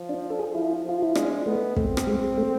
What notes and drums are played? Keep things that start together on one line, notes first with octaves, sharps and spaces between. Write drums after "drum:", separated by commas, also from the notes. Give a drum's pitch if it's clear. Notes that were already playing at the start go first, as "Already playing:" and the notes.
Already playing: F3
D4
A4
G#4
F3 E4
F3 F4
E4
G#3 D4, drum: rim click
A3 B3
A3 C4, drum: kick
drum: rim click
G#3
A3